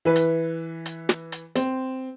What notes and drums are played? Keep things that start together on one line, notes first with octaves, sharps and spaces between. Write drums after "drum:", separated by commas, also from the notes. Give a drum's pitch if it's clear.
E3 B4
drum: hi-hat
drum: hi-hat
drum: snare
drum: hi-hat
C4, drum: hi-hat